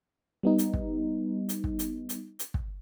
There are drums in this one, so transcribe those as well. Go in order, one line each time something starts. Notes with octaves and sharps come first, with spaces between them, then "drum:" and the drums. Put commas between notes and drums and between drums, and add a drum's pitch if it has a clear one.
G3 B3 D#4
drum: hi-hat
drum: kick
drum: hi-hat
drum: kick
drum: hi-hat
drum: hi-hat
drum: hi-hat
drum: kick